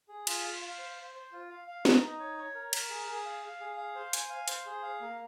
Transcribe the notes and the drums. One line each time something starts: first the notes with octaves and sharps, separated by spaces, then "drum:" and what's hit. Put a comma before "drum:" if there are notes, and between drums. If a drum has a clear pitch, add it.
G#4
F4, drum: cymbal
F5
F5
C5
C5
C5
F4
F5
F5
D#4, drum: snare
D#4
C#5
C#5
A#4
A#4, drum: cymbal
G#4
G#4
F5
F5
G#4
F5
C5
G#5, drum: hi-hat
F5
C5, drum: hi-hat
G#4
F5
A#3